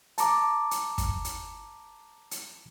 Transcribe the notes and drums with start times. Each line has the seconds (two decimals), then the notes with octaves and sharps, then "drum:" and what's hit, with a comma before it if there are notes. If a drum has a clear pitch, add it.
0.18 A5 A#5 D6, drum: hi-hat
0.71 drum: hi-hat
0.98 drum: kick, hi-hat
1.25 drum: hi-hat
2.31 drum: hi-hat